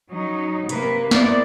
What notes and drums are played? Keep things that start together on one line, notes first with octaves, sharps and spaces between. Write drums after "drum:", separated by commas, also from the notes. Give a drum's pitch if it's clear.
F#3 C#4 D#4
C3 A#3 B4, drum: hi-hat
A#3 B3 E4 C5 D5, drum: snare